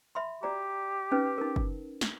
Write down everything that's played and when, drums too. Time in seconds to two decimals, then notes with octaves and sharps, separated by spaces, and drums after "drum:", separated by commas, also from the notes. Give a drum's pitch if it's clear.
0.15 E5 B5 C6
0.43 F#4 G4 D5 A#5
1.12 C#4 D#4 B4
1.38 D#4 A#4
1.56 drum: kick F#1
2.01 drum: snare